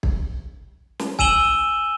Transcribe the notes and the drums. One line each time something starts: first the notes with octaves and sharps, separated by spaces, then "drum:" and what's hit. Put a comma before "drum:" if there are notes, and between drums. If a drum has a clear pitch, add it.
drum: kick
drum: snare
G#5 E6 D#7 E7 F#7 G7, drum: kick